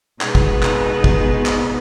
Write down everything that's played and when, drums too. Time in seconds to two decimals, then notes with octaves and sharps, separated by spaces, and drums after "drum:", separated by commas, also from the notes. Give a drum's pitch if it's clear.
0.21 B2 G#3 B3 D#4, drum: clap
0.35 drum: kick
0.63 drum: clap
1.04 drum: kick
1.46 drum: clap